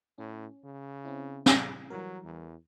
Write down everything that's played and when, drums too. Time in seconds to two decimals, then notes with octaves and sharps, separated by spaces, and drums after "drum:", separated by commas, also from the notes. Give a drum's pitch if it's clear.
0.18 A2 C#4
0.64 C#3
1.05 C4 C#4 E4
1.46 drum: snare
1.90 E3 F#3 G3 A#4
2.24 E2